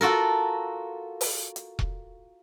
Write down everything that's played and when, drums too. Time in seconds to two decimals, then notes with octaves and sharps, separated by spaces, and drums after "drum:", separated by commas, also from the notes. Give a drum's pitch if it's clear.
0.01 F4 F#4 A4 A#4
1.21 drum: open hi-hat
1.56 drum: hi-hat
1.79 drum: kick E1